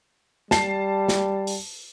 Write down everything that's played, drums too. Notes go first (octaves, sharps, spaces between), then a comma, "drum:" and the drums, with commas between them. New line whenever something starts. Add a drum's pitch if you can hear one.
G3 A5 C7, drum: snare
drum: snare
drum: open hi-hat